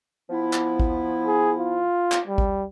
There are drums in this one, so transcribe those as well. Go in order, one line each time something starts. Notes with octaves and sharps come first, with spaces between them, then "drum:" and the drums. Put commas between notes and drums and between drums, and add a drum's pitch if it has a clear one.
F3 B3 E4
drum: clap
drum: kick A1
G#4
F4
drum: clap
G3
drum: kick A1